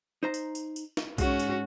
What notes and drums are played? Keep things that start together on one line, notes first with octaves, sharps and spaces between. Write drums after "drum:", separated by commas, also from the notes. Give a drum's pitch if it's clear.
D#4 C5 A#5
drum: tambourine
drum: tambourine
drum: tambourine
drum: snare
G#2 C#4 F#4, drum: kick B1, tambourine
drum: tambourine